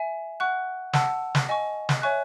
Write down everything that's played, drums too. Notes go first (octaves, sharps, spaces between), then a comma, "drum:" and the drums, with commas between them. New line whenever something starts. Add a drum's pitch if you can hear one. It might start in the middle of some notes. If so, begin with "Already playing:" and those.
Already playing: E5 G#5
F#5 C#6 F#6
F#5 A5 E6, drum: snare
drum: snare
D#5 G#5 C#6
drum: snare
C#5 E5 G#5 C#6 F#6